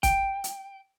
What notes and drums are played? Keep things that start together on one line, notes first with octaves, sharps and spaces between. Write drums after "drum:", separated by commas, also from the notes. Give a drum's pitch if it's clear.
G5, drum: kick, hi-hat
drum: hi-hat